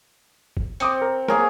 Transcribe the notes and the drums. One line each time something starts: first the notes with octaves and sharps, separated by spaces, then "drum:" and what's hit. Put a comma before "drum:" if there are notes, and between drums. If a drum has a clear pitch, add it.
drum: kick
C4 D6 D#6 C#7, drum: hi-hat
A#4
A#3 G#4 A#4 C#5, drum: snare